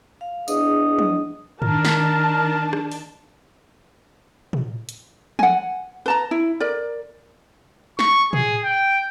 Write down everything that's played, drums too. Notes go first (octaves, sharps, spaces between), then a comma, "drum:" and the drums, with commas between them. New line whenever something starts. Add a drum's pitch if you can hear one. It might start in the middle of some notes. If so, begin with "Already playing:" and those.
F5
E2 D4 G#4 D#5 D#6, drum: tambourine
drum: tom
D#3 D4 A#4 A5, drum: tom
drum: snare
drum: rim click
drum: open hi-hat
drum: tom
drum: hi-hat
F#5 G#5, drum: tom
B4 A5 A#5
E4
A#4 D5
C#6, drum: snare
G#4, drum: tom
G5